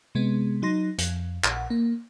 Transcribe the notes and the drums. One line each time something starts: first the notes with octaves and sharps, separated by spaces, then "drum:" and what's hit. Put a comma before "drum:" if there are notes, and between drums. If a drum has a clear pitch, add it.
C3 G#3 B3
F#3 D#4 C6 A#6
F2, drum: hi-hat
A#1 F#5, drum: clap
A#3